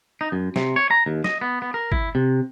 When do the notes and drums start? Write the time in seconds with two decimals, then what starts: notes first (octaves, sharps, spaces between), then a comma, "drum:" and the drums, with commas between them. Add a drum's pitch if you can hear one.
0.21 D#4
0.32 F#2
0.56 C3, drum: snare
0.76 C#5
0.91 A#5
1.06 D#2
1.24 D#5, drum: snare
1.41 B3
1.62 B3
1.74 A#4
1.92 E4, drum: kick
2.15 C3